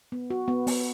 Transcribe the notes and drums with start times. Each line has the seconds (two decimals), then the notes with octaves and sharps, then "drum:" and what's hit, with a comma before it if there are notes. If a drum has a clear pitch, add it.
0.12 B3
0.30 F#4
0.48 B3
0.67 B3, drum: open hi-hat